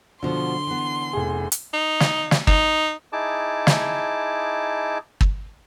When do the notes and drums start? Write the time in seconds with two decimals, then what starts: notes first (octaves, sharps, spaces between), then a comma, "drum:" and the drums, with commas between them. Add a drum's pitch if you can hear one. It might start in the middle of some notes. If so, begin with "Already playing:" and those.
0.23 B2 D3 F3 C6
0.67 E3 B3
1.13 F1 G#4
1.52 drum: hi-hat
1.73 D#4
2.00 drum: snare
2.31 drum: snare
2.47 D#4, drum: kick
3.13 D#4 E4 G#4 A5 D6
3.67 drum: snare
5.21 drum: kick